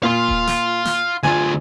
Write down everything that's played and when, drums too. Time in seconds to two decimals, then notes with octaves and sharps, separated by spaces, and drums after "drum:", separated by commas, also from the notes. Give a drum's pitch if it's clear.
0.03 A#2 F5 C6
0.28 drum: kick D#1
0.47 drum: snare
0.85 drum: snare
1.23 D2 F4 G#5